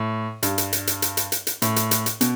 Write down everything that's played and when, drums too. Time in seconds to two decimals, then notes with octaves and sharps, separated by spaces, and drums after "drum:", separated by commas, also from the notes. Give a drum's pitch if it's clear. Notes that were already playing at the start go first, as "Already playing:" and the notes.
Already playing: A2
0.43 G2, drum: hi-hat
0.58 drum: hi-hat
0.73 drum: hi-hat
0.87 drum: hi-hat
1.02 drum: hi-hat
1.17 drum: hi-hat
1.32 drum: hi-hat
1.47 drum: hi-hat
1.62 A2, drum: hi-hat
1.76 drum: hi-hat
1.91 drum: hi-hat
2.06 drum: hi-hat
2.21 B2, drum: hi-hat